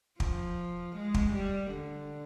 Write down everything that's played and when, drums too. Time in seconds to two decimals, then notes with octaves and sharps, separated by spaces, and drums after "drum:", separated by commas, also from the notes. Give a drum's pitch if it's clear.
0.20 F3, drum: kick
0.96 G#3
1.14 drum: kick
1.33 G3
1.71 D3